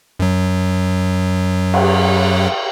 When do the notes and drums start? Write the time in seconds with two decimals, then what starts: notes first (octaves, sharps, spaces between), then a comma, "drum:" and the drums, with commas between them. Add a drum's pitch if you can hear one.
0.20 F#2 F#3
1.74 drum: cymbal